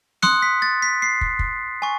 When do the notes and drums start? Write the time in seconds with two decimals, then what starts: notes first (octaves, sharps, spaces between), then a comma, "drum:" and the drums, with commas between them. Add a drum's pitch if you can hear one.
0.22 C6 D#6 F#6 C#7, drum: snare
0.42 B6
0.62 A6
0.82 B6
1.02 C7
1.21 drum: kick
1.39 drum: kick
1.82 G#5 C#6